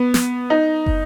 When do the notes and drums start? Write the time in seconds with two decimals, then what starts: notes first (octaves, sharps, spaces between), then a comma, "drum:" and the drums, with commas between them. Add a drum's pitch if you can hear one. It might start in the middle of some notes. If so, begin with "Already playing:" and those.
Already playing: B3
0.14 drum: snare
0.50 D#4
0.86 drum: kick